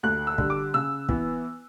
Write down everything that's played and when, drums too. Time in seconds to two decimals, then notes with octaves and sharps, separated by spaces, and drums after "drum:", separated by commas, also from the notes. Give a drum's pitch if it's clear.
0.03 D2 F#6
0.27 E6
0.38 D3 G3, drum: kick
0.50 D6
0.74 C#3 E6
1.09 E3 B3, drum: kick